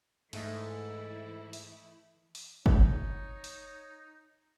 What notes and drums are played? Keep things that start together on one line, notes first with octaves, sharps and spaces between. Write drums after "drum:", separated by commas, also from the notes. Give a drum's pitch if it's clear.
G#2 E3 A3 D#4 E4 A4 D#5, drum: cymbal
drum: open hi-hat
drum: open hi-hat
D#4 C#5, drum: kick
drum: open hi-hat